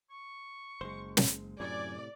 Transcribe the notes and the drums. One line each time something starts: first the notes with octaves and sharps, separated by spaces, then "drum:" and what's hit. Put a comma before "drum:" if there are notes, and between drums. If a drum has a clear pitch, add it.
C#6
F#1 G#3 C5
drum: snare
F#2 A2 C3 D5 G#5